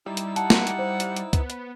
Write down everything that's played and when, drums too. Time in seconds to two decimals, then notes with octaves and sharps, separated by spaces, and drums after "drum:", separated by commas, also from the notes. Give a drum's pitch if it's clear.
0.06 G3 D#4 E4 E6
0.17 drum: hi-hat
0.36 F#5 A5, drum: hi-hat
0.50 drum: snare
0.67 drum: hi-hat
0.79 C5
1.00 drum: hi-hat
1.17 drum: hi-hat
1.33 B3, drum: kick, hi-hat
1.50 drum: hi-hat